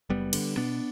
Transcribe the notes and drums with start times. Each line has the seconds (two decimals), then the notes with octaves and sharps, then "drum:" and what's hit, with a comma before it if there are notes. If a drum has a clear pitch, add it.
0.10 F#1 G3 B3
0.33 D3, drum: cymbal
0.57 B2 B3 D4